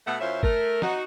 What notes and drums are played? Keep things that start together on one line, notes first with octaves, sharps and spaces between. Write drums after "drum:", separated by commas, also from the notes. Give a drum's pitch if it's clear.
B2 A3 F#5
F#2 E4 F4 C5 C#5 E5
A3 A#4, drum: kick
D#4 F#4, drum: snare